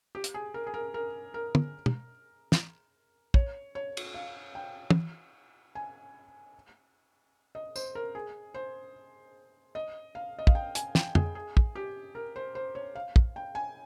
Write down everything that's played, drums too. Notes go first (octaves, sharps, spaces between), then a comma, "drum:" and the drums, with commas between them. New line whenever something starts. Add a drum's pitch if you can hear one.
G4
drum: hi-hat
G#4
A#4
G#4
A#4
A#4
A#4
drum: tom
drum: tom
drum: snare
C#5, drum: kick
C#5
drum: cymbal
F5
G5
drum: tom
G#5
D#5
C5, drum: tambourine
A#4
G#4
C5
D#5
F5
D#5
F5, drum: kick
G5
G#5, drum: hi-hat
G5, drum: snare
G#4, drum: tom
G#4
drum: kick
G4
A#4
C5
C5
C#5
F5
drum: kick
G5
G#5